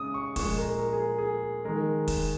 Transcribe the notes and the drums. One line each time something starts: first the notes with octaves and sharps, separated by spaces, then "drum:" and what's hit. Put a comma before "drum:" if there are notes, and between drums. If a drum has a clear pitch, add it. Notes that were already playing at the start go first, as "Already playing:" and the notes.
Already playing: C#3 G#3 D#6
C#6
A#2 F3 G#3 C#6, drum: kick, open hi-hat
A#4
A#4
G#4
G#4
D#3 G#3 A#4
drum: kick, open hi-hat